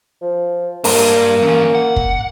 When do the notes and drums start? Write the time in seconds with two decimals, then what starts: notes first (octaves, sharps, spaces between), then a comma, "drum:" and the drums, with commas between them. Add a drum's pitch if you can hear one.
0.22 F3
0.84 G2 A#3 D4, drum: open hi-hat
1.42 E3 C#4
1.75 F#5
1.96 drum: kick